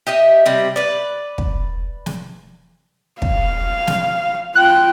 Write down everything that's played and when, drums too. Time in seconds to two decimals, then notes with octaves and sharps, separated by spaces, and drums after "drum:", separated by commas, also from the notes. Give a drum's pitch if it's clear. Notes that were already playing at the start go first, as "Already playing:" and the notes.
0.07 G4 D#5 E5
0.46 C3 G3
0.76 B4 D5
1.38 drum: kick
2.06 drum: snare
3.22 F5, drum: kick
3.87 drum: snare
4.55 F4 G5 F#6